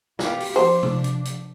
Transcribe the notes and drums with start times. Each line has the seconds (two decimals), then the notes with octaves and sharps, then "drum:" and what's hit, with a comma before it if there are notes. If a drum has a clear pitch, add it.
0.19 B3 F4 G4, drum: snare
0.40 drum: open hi-hat
0.56 F3 D4 C5
0.83 drum: tom
1.04 drum: hi-hat
1.25 drum: hi-hat